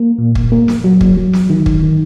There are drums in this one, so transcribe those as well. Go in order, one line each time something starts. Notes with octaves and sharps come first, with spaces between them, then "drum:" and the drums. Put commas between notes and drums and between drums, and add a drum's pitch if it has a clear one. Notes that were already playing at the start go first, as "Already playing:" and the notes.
Already playing: A#3
A#2
drum: kick
A#3
drum: snare
F#3
drum: kick
F#3
drum: snare
D#3
drum: kick
D#3